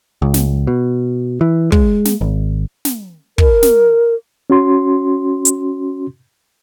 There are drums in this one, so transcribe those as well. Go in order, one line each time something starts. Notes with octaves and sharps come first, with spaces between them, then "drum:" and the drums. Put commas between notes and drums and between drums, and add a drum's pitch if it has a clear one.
C#2
drum: snare
B2
E3
G#3, drum: kick
drum: snare
G#1
drum: snare
A#4, drum: kick
drum: snare
C#4 F#4 C6
drum: hi-hat